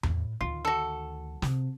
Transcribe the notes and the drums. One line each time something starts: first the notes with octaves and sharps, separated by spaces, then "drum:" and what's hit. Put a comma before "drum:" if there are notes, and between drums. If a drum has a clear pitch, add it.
A2, drum: tom E2
D2 D#3 F4
F#4 A4
C3, drum: snare